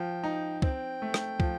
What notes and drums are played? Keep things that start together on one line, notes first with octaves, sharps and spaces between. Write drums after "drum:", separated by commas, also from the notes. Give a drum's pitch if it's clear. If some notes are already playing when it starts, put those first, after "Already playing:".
Already playing: F3 G5
D#4
C4 G5, drum: kick
A3
drum: rim click
F3, drum: kick